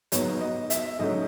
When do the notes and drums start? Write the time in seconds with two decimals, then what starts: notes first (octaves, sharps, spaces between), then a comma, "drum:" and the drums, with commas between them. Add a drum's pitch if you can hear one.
0.12 G#2 F#3 B3 C#5, drum: hi-hat
0.41 D#5
0.70 E5, drum: hi-hat
0.99 G#2 F#3 A3 C#4 D#5